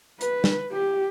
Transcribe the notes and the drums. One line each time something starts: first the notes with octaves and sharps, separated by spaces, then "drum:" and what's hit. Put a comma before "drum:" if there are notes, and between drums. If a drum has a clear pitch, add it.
B4, drum: hi-hat
drum: snare
G4